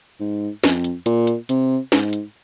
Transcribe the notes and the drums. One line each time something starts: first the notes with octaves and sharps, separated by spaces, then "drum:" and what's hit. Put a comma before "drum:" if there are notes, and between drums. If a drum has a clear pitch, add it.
G#2
F2, drum: snare
drum: hi-hat
A#2, drum: hi-hat
drum: hi-hat
C3, drum: hi-hat
G#2, drum: snare
drum: hi-hat